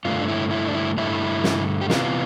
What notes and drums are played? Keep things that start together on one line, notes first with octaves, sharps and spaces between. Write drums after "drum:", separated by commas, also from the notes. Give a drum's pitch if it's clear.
G2 D3 A3 F4
D4
E4
E4
D4
E4
G2 D3 A3 E4
drum: snare
G4
C3 E3 B3 F4, drum: snare